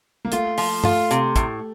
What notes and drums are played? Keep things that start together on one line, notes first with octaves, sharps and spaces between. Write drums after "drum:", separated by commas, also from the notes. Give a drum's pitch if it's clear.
A#3
A3 F4, drum: hi-hat
F3, drum: open hi-hat
A3 F4, drum: tom G2
C3, drum: hi-hat
A2, drum: kick, hi-hat